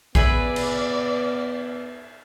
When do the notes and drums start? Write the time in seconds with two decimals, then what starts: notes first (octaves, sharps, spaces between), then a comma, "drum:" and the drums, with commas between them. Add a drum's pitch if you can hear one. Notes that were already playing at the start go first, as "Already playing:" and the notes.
0.15 B3 G#4 B4 D5 E5, drum: kick A1
0.56 drum: cymbal